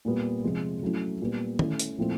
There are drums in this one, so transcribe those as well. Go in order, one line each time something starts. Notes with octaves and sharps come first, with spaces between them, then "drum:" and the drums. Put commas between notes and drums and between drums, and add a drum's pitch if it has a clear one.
A#2 G3 B3
C3 F3 G#3
F#3 A3 C#4 E4
A#2 G3 B3
A3 C#4 E4, drum: tom D#3
drum: hi-hat
A#2 F3 A3 C4 E4